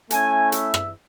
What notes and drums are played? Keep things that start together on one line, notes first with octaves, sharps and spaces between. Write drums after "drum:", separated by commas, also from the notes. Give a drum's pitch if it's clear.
A3 C#4 E4 G#5, drum: hi-hat
E5, drum: hi-hat
drum: rim click